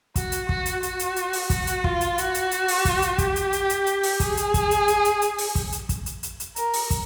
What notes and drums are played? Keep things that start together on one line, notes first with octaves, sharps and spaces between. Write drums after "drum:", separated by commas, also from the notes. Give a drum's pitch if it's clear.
F#4, drum: kick, hi-hat
drum: hi-hat
F#4, drum: kick
drum: hi-hat
F#4, drum: hi-hat
drum: hi-hat
drum: hi-hat
drum: open hi-hat
F#4, drum: kick, hi-hat
drum: hi-hat
F4, drum: kick
drum: hi-hat
F#4, drum: hi-hat
drum: hi-hat
drum: hi-hat
drum: open hi-hat
drum: kick, hi-hat
drum: hi-hat
G4, drum: kick, hi-hat
drum: hi-hat
drum: hi-hat
drum: hi-hat
drum: hi-hat
drum: open hi-hat
G#4, drum: kick, hi-hat
drum: hi-hat
drum: kick, hi-hat
drum: hi-hat
drum: hi-hat
drum: hi-hat
drum: hi-hat
drum: open hi-hat
drum: kick, hi-hat
drum: hi-hat
drum: kick, hi-hat
drum: hi-hat
drum: hi-hat
drum: hi-hat
A#4, drum: hi-hat
drum: open hi-hat
drum: kick, hi-hat